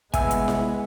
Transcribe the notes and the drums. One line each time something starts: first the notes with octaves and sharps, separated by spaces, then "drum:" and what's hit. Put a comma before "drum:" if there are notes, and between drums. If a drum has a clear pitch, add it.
C2 G#3 B3 E5 G#5 E6, drum: kick, hi-hat
drum: hi-hat
drum: snare E4